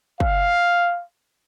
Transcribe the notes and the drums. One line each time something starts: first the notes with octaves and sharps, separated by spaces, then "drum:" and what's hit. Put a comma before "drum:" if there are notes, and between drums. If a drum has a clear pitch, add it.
F5, drum: kick